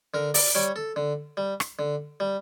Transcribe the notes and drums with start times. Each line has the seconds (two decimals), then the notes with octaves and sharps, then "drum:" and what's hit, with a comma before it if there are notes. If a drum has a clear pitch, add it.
0.14 D3 A#4
0.34 D5, drum: open hi-hat
0.55 G3 C#5
0.76 A4
0.96 D3
1.37 G3
1.60 drum: rim click
1.79 D3
2.20 G3